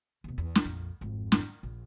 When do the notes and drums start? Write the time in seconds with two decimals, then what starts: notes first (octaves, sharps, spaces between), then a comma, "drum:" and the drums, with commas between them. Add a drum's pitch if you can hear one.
0.24 D#2 B2
0.38 E2
0.55 drum: snare
0.65 A#1 F2
1.01 G#1 F2
1.32 drum: snare
1.63 A#1